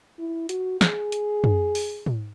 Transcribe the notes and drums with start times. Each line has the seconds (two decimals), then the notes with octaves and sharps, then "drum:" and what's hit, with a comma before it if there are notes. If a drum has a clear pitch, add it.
0.19 E4
0.49 F#4, drum: hi-hat
0.81 G#4, drum: snare
1.12 drum: hi-hat
1.44 drum: tom
1.75 drum: open hi-hat
2.06 drum: tom